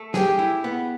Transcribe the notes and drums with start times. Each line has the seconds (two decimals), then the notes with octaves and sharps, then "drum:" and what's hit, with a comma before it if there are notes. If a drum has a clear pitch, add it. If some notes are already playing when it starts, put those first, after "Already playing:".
Already playing: A3
0.14 G4 G#4, drum: snare
0.39 E4
0.64 B3